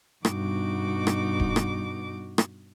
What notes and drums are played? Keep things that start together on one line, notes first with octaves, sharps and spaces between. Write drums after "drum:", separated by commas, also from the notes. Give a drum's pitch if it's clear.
G2 B2 D#4 F#4 D6, drum: rim click
drum: rim click
drum: kick D1
drum: rim click
drum: rim click